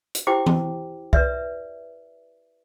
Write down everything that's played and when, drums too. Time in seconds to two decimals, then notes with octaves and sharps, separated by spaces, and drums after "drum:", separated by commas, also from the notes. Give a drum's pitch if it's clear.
0.15 drum: hi-hat
0.27 E4 G4 C5 G5 D6
0.46 drum: tom E3
1.13 B4 D5 E5, drum: kick C2